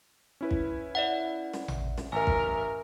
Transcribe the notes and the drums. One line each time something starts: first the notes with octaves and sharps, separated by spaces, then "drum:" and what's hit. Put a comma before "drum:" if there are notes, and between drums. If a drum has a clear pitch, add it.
C#4 E4 B4
drum: kick
D5 E5 F#5
drum: snare
drum: tom A1
drum: snare
A1 A#4 E5 G#5
drum: kick